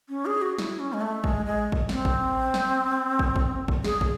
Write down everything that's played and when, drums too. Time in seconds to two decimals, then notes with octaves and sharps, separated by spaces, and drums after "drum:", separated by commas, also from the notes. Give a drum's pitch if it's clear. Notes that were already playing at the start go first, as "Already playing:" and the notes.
0.09 C#4
0.26 G#4
0.42 F#4
0.58 E4, drum: snare
0.79 C#4
0.93 G#3
1.01 A3
1.24 G#3, drum: kick
1.46 G#3
1.72 drum: kick
1.89 C4, drum: snare
2.05 drum: kick
2.54 drum: snare
3.19 drum: kick
3.36 drum: kick
3.68 drum: kick
3.84 G#4, drum: snare
4.01 drum: kick